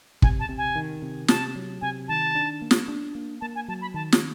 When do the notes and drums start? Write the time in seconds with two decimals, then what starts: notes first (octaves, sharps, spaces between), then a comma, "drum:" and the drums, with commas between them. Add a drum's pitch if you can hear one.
0.22 C3 G#5, drum: kick
0.40 A5
0.49 C3
0.58 G#5
0.76 D#3
1.02 C3
1.28 C3 A5, drum: snare
1.55 F#3
1.81 C3 G#5
2.08 D#3 A5
2.35 D4
2.62 A#3
2.71 drum: snare
2.88 D4
3.15 A#3
3.41 A#3 A5
3.55 G#5
3.68 F#3 A5
3.81 B5
3.94 D#3 A5
4.12 drum: snare